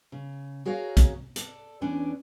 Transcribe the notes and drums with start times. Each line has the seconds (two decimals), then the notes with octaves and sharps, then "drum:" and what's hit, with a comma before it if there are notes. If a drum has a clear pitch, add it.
0.12 C#3
0.65 F#4 G#4 A#4 C#5 F5
0.97 drum: kick, hi-hat
1.36 A4 D5, drum: hi-hat
1.81 E2 E3 C#4 D4 G#5